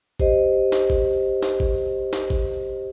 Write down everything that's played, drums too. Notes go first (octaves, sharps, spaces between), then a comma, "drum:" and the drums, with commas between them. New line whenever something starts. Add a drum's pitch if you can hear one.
G4 C5 D#5, drum: kick G#1
drum: snare
drum: kick G#1
drum: snare
drum: kick G#1
drum: snare
drum: kick G#1